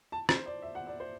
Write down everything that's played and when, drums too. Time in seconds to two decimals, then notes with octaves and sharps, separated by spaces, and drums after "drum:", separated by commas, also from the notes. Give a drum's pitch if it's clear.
0.12 A5
0.29 C5, drum: rim click
0.46 D5
0.62 E5
0.75 F#5
0.87 D5
1.00 C5